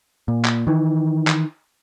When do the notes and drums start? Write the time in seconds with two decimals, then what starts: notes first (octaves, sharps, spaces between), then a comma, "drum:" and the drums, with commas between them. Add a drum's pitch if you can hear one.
0.28 A#2
0.45 drum: clap
0.67 D#3 E3
1.27 drum: clap